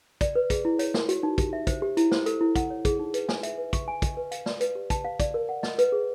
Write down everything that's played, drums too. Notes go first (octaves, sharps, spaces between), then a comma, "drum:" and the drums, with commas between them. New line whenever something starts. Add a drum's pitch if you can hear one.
D5, drum: kick, hi-hat
B4
G#4, drum: kick, hi-hat
E4
C#5, drum: hi-hat
A#4, drum: snare
F#4, drum: hi-hat
D#4
G4, drum: kick, hi-hat
E5
C5, drum: kick, hi-hat
G4
E4, drum: hi-hat
C5, drum: snare
A4, drum: hi-hat
E4
F#5, drum: kick, hi-hat
C#5
G#4, drum: kick, hi-hat
D#4
B4, drum: hi-hat
G#5, drum: snare
E5, drum: hi-hat
B4
C#6, drum: kick, hi-hat
G#5
D#5, drum: kick, hi-hat
B4
F5, drum: hi-hat
D5, drum: snare
B4, drum: hi-hat
G4
A5, drum: kick, hi-hat
F5
D5, drum: kick, hi-hat
A#4
F#5
D#5, drum: snare
B4, drum: hi-hat
G#4